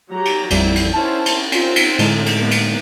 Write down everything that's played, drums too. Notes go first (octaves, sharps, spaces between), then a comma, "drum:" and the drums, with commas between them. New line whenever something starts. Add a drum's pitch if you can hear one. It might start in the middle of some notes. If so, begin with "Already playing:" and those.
F#3 G4 A#5
drum: cymbal
A1 F2 G3 E4, drum: cymbal
drum: cymbal
C#4 E4 C5 A5
drum: cymbal
C4 C#4 F4, drum: cymbal
drum: cymbal
A2 D3 G#3, drum: cymbal
drum: cymbal
A#3 B3
drum: cymbal